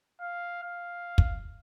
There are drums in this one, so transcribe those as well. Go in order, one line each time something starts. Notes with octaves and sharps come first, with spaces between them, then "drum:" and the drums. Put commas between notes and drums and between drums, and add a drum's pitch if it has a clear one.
F5
F5
drum: kick